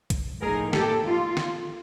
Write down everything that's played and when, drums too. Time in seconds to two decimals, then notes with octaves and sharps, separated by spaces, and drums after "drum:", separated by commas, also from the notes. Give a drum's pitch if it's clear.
0.10 drum: kick, hi-hat
0.42 A2 F3 A#3 D#4 G#4 A#4
0.73 G4 A4, drum: snare
1.06 F4
1.37 drum: snare